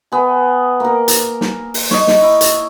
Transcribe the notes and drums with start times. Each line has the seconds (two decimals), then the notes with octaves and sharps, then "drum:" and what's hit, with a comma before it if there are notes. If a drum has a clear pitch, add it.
0.12 B3 G#5
0.80 A#3 A#4
1.08 drum: hi-hat
1.41 drum: snare
1.74 drum: open hi-hat
1.91 C#5 D#5, drum: snare
2.07 drum: snare
2.22 E4
2.41 drum: hi-hat